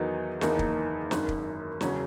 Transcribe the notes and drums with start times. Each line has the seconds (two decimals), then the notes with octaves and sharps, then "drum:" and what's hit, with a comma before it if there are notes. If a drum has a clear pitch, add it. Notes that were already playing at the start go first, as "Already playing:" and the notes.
Already playing: E2 D#3 F#3 B3 D#4
0.41 F#1 E2 D#3 A#3 D#4, drum: snare
0.59 drum: kick
1.11 G#1 F#2 D#3, drum: snare
1.29 drum: kick
1.81 E1 E2 C#3 F#3 C#4, drum: snare